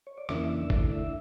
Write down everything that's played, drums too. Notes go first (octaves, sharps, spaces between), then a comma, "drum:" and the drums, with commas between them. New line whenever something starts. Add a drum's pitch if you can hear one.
C#5
D5
F2 C#3 E3 A#3 D4 E5, drum: rim click
E5
D3 A3 E4 D5, drum: kick
E5